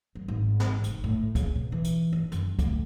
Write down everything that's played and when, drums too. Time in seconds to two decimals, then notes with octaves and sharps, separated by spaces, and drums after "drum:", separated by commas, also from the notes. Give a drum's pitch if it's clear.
0.15 F#3
0.28 G#1
0.60 drum: snare
0.84 F1, drum: hi-hat
1.04 A2
1.35 C#3, drum: kick C#2, hi-hat
1.55 B2
1.72 E3
1.84 drum: hi-hat
2.13 D#2
2.32 F#2, drum: hi-hat
2.59 D2, drum: kick C#2, hi-hat